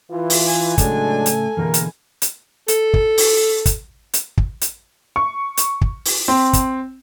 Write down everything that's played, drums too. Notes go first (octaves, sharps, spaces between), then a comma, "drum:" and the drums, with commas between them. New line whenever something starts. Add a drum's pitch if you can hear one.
E3 F4
drum: open hi-hat
G#5
A2 C#3 F#3 G#3 A3 D4 A4, drum: kick, hi-hat
drum: hi-hat
B2 D3 E3 A#3 G#4 A#4
drum: hi-hat
drum: hi-hat
A4, drum: hi-hat
drum: kick
drum: open hi-hat
drum: kick, hi-hat
drum: hi-hat
drum: kick
drum: hi-hat
C#6
drum: hi-hat
drum: kick
drum: open hi-hat
C4
drum: kick, hi-hat